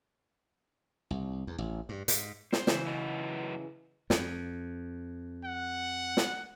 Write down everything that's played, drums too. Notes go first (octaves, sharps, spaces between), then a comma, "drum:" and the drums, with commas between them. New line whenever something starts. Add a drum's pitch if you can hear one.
C2
E2
A1
G2
G#2, drum: hi-hat
C5, drum: snare
C#3 E3, drum: snare
F#2 B4 D#5
F2, drum: snare
F#5
drum: snare